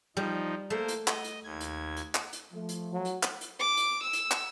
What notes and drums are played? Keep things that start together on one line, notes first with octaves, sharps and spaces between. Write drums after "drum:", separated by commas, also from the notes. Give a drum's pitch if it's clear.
F3 G3 D#4
A3 A#3 C5
drum: hi-hat
D#5, drum: clap
drum: hi-hat
D#2 G#6
drum: hi-hat
drum: hi-hat
drum: clap
drum: hi-hat
F3 A3
drum: hi-hat
F#3
drum: hi-hat
drum: clap
drum: hi-hat
D6
drum: hi-hat
E6
drum: hi-hat
drum: clap